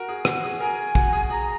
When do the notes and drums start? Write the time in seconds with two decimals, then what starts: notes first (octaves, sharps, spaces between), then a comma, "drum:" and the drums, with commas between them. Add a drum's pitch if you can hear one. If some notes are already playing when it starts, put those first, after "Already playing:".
Already playing: F#4 A#4
0.09 G#4
0.25 F#4, drum: rim click
0.43 G#4
0.60 F#4 A#4 G#5
0.95 F#4, drum: kick
1.13 G#4
1.30 G#4 A#5